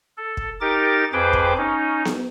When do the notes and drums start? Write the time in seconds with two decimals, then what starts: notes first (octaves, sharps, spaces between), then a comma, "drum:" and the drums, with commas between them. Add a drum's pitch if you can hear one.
0.17 A4
0.37 drum: kick
0.61 D#4 G4 A#4 D6 A6
1.13 F2 G#4 B4 C5 G5 D6
1.33 drum: kick
1.57 C#4 D#4
2.05 drum: snare B3